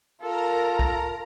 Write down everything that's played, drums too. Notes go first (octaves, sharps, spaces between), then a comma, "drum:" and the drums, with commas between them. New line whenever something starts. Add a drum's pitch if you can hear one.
F4 A4 A#4 A#5
drum: kick